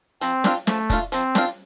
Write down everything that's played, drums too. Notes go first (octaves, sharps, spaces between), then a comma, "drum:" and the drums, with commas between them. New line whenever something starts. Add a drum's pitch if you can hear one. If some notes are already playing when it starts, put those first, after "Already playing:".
F3 C4, drum: hi-hat
D4 F4, drum: snare
F3 A3, drum: snare
D4 F4, drum: kick, hi-hat
F3 C4, drum: hi-hat
D4 F4, drum: snare